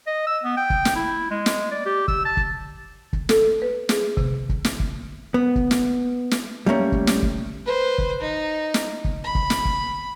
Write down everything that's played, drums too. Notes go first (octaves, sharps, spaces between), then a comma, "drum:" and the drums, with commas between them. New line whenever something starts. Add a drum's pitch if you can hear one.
D#5
E6
B3
G5
drum: kick
drum: snare
E4
G#3
drum: snare
D5
G4
E6, drum: kick
A5
drum: kick
drum: kick
A4, drum: snare
B4
G#4, drum: snare
C3, drum: kick
drum: kick
drum: snare
drum: kick
B3
drum: kick
drum: snare
drum: snare
G3 A3 A#3 C#4
drum: kick
drum: snare
drum: kick
B4 C5
drum: kick
D#4
drum: snare
drum: kick
B5
drum: kick
drum: snare
drum: kick